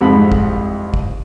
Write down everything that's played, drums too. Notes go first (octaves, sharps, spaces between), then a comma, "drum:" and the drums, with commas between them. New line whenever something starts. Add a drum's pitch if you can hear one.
C2 F2 G#2 B5
drum: kick
drum: kick